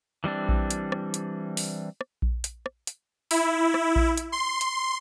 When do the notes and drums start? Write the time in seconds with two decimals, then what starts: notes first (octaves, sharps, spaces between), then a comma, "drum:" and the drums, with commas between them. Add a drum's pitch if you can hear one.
0.24 E3 G3 C4 D4
0.49 drum: kick A#1
0.70 drum: hi-hat
0.92 drum: rim click
1.14 drum: hi-hat
1.57 drum: open hi-hat
2.01 drum: rim click
2.22 drum: kick A#1
2.44 drum: hi-hat
2.66 drum: rim click
2.87 drum: hi-hat
3.31 E4, drum: open hi-hat
3.74 drum: rim click
3.96 drum: kick A#1
4.18 drum: hi-hat
4.32 C6
4.61 drum: hi-hat